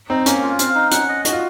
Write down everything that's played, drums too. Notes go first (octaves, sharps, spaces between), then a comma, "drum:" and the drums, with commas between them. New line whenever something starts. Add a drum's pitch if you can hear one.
C4 D#4
A#3 C#4, drum: hi-hat
F4
C4 F5, drum: hi-hat
D#4
C#4 F#5, drum: hi-hat
D#5
D#4 F#4, drum: hi-hat
F4